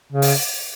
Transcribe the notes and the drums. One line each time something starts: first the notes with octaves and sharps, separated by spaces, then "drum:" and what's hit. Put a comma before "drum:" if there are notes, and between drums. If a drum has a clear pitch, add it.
C#3
drum: open hi-hat